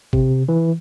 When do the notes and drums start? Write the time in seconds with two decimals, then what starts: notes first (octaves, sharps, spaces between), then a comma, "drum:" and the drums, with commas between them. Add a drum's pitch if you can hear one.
0.13 C3, drum: kick
0.49 E3